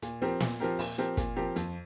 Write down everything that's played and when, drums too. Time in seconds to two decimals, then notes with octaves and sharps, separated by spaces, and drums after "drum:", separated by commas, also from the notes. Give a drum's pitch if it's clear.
0.02 A#2, drum: hi-hat
0.22 F3 C4 G4 A#4
0.40 A#2, drum: snare
0.60 F3 C4 G4 A#4
0.79 A#2, drum: open hi-hat
0.98 F3 C4 G4 A#4
1.17 A#2, drum: kick, hi-hat
1.36 F3 C4 G4 A#4
1.56 F2, drum: hi-hat